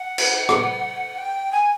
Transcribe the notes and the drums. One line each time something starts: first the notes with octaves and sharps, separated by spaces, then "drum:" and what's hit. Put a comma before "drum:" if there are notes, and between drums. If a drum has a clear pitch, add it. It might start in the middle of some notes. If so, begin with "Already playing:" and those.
Already playing: F#5
drum: cymbal
drum: rim click
G5
G#5